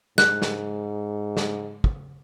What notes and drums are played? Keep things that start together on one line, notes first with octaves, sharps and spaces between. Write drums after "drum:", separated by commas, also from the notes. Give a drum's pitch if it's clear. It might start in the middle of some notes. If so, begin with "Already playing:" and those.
G#2 F#6, drum: snare
drum: snare
drum: snare
drum: kick